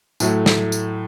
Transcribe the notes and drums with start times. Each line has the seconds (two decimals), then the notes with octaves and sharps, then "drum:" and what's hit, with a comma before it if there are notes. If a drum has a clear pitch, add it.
0.20 A2 F#3 A3, drum: tambourine
0.46 drum: snare
0.72 drum: tambourine